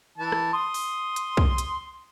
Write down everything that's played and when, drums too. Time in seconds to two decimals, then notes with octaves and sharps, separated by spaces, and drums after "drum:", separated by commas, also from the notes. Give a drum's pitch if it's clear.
0.18 E3 A5
0.32 drum: rim click
0.53 C6 D#6
0.74 drum: open hi-hat
1.16 drum: hi-hat
1.37 drum: kick
1.58 drum: hi-hat